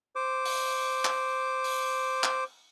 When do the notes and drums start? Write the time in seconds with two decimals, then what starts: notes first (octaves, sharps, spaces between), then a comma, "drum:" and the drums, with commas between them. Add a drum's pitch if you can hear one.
0.16 C5 D6
0.45 drum: open hi-hat
1.05 drum: clap
1.64 drum: open hi-hat
2.24 drum: clap